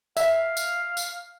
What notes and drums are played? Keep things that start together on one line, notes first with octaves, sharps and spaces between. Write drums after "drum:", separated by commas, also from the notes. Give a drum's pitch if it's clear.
E5 F5, drum: tambourine
drum: tambourine
drum: tambourine